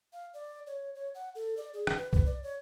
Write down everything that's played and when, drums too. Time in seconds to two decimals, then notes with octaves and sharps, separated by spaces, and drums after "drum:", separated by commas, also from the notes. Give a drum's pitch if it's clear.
0.13 F5
0.34 D5
0.67 C#5
0.95 C#5
1.15 F#5
1.35 A4
1.57 D5
1.74 G#4
1.87 drum: rim click
1.97 B4
2.13 B4, drum: kick
2.26 D5
2.43 C#5